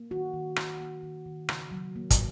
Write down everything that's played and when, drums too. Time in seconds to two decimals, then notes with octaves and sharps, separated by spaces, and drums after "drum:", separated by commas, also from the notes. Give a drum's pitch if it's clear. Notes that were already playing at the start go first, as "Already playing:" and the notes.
Already playing: A#3
0.11 D#3 F#4
0.34 D#3
0.56 A#3, drum: rim click
0.80 A#3
1.03 D#3
1.26 D#3
1.49 C#3, drum: rim click
1.71 F#3
1.96 A#3
2.10 drum: kick, hi-hat